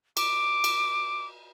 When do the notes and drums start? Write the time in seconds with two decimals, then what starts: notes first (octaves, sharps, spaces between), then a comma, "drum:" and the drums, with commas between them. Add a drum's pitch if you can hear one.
0.17 D6, drum: cymbal
0.64 drum: cymbal